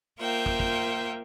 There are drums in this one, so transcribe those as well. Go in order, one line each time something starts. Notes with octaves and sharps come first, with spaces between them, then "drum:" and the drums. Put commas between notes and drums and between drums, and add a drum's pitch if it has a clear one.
A#3 F4 A#4 C5 E5 G5
drum: kick
drum: kick